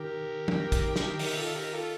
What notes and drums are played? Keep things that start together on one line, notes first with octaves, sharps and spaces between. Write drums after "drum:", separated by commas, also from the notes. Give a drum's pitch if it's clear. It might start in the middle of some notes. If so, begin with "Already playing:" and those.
Already playing: D#3 G4 A#4
D#3, drum: tom F3
drum: kick, hi-hat
drum: snare
G4 A#4, drum: open hi-hat
F4 A4
G4 A#4
F4 A4